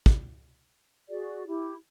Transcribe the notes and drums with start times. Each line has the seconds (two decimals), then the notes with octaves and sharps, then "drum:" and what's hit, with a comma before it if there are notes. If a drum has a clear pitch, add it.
0.06 drum: kick
1.09 F#4 G#4 D5
1.47 E4 G4